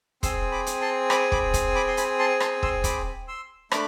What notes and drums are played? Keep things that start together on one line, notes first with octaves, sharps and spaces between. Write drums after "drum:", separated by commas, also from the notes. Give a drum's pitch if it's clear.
C4 G#4 C6 E6, drum: kick, hi-hat
B5 D6
drum: hi-hat
A5 C6
B5 D6, drum: rim click
B5 D6, drum: kick
drum: kick, hi-hat
B5 D6
C6
G#5 B5, drum: hi-hat
A5 C6
A5 C6, drum: rim click
C6 E6, drum: kick
B5 D6, drum: kick, hi-hat
C6 E6
A3 D4 B5 D6, drum: rim click